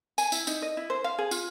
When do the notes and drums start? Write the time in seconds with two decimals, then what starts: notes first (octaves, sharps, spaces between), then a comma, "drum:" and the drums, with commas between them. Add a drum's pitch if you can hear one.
0.18 G#5, drum: tambourine
0.32 E4, drum: tambourine
0.47 D#4, drum: tambourine
0.62 D#5
0.77 E4
0.90 C5
1.04 F5
1.18 G#4
1.31 F4, drum: tambourine